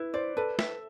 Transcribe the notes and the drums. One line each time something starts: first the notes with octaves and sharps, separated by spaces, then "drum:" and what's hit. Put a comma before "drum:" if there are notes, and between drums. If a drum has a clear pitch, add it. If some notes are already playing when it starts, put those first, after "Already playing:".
Already playing: E4 B4
C5 D5
A4 B4
E5, drum: snare